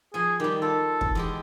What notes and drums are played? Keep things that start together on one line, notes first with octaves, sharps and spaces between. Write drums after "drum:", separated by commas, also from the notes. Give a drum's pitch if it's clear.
F3 G#4 G#5
D#3 G3 G4
F4 A4
drum: kick
E2 G#3 G4